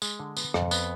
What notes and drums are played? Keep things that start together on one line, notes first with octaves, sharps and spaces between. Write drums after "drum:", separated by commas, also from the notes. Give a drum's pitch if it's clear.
G#3, drum: tambourine
D3
B3, drum: tambourine
F2, drum: rim click
B3, drum: tambourine